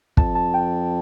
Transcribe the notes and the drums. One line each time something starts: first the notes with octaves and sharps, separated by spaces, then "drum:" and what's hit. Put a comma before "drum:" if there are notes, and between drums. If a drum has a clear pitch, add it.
F2 A5, drum: kick
A5
G5